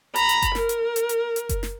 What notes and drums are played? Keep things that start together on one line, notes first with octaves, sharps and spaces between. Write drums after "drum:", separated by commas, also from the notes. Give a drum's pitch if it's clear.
A#5 B5, drum: hi-hat
drum: hi-hat
drum: kick F#1, hi-hat
A#4, drum: snare
drum: hi-hat
drum: hi-hat
drum: hi-hat
drum: hi-hat
drum: kick F#1, hi-hat
drum: snare